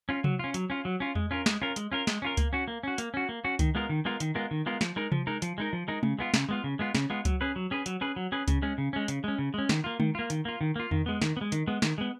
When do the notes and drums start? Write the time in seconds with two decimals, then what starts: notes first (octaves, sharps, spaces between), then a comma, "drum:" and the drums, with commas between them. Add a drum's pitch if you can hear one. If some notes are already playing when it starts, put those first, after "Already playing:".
0.09 C#4 F4
0.24 F#3, drum: tom C3
0.39 C#4 F4
0.54 F#3, drum: hi-hat
0.70 C#4 F4
0.85 F#3
1.00 C#4 F4
1.15 G#3, drum: tom E2
1.31 C#4 F4 A#4
1.46 G#3, drum: snare
1.62 C#4 F4 A#4
1.76 G#3, drum: hi-hat
1.92 C#4 F4 A#4
2.07 G#3, drum: snare
2.22 C#4 F4 A#4
2.37 A#3, drum: kick C#2, hi-hat
2.53 C#4 F#4
2.68 A#3
2.83 C#4 F#4
2.98 A#3, drum: hi-hat
3.14 C#4 F#4
3.29 A#3
3.44 C#4 F#4
3.59 D#3, drum: kick C#2, hi-hat
3.75 G#3 B3 F4 A#4
3.89 D#3
4.05 G#3 B3 F4 A#4
4.20 D#3, drum: hi-hat
4.35 G#3 B3 F4 A#4
4.51 D#3
4.66 G#3 B3 F4 A#4
4.81 F3, drum: snare
4.96 G#3 D#4 A#4
5.12 F3, drum: tom C3
5.27 G#3 D#4 A#4
5.42 F3, drum: hi-hat
5.58 G#3 D#4 A#4
5.73 F3
5.88 G#3 D#4 A#4
6.03 C#3, drum: tom G#3
6.19 G#3 B3 F4
6.34 C#3, drum: snare
6.49 G#3 B3 F4
6.64 C#3
6.79 G#3 B3 F4
6.95 C#3, drum: snare
7.10 G#3 B3 F4
7.25 F#3, drum: kick C#2, hi-hat
7.41 C#4 G#4 B4
7.56 F#3
7.71 C#4 G#4 B4
7.86 F#3, drum: hi-hat
8.01 C#4 G#4 B4
8.16 F#3
8.32 C#4 G#4 B4
8.48 C#3, drum: kick C#2, hi-hat
8.62 G#3 C#4
8.78 C#3
8.93 G#3 C#4
9.08 C#3, drum: hi-hat
9.24 G#3 C#4
9.38 C#3
9.54 G#3 C#4
9.69 D#3, drum: snare
9.84 A#3 F4
10.00 D#3, drum: tom G#3
10.15 A#3 F4
10.30 D#3, drum: hi-hat
10.45 A#3 F4
10.61 D#3
10.76 A#3 F4
10.91 D#3, drum: tom E2
11.06 G#3 B3
11.22 D#3, drum: snare
11.37 B3
11.41 G#3
11.52 D#3, drum: hi-hat
11.67 G#3 B3
11.82 D#3, drum: snare
11.98 G#3 B3